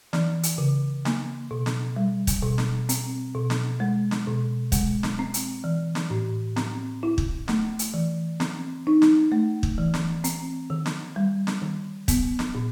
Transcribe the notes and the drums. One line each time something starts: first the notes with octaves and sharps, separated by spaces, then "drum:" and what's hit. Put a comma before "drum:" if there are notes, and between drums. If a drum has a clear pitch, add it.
E3, drum: snare
drum: hi-hat
C#3
A#3, drum: snare
B2
drum: snare
G3
drum: kick, hi-hat
B2
drum: snare
C4, drum: hi-hat
B2
drum: snare
G#3
drum: snare
B2
G#3, drum: kick, hi-hat
drum: snare
C4
drum: hi-hat
E3
drum: snare
A2
C4, drum: snare
E4
drum: kick
A3, drum: snare
drum: hi-hat
E3
C4, drum: snare
D#4
drum: snare
A3
drum: kick
E3
drum: snare
C4, drum: hi-hat
D#3
drum: snare
G3
drum: snare
D#3
B3, drum: kick, hi-hat
drum: snare
A#2